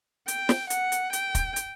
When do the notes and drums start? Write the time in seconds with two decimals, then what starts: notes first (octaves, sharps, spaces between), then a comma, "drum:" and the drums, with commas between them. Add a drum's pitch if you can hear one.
0.28 G5, drum: hi-hat
0.49 drum: snare
0.70 F#5, drum: hi-hat
0.92 drum: hi-hat
1.13 G5, drum: hi-hat
1.35 drum: kick, hi-hat
1.56 drum: hi-hat